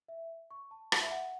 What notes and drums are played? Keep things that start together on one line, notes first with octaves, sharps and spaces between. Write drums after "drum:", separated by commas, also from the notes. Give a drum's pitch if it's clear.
E5
C#6
A5
F#5, drum: rim click
E5
F#5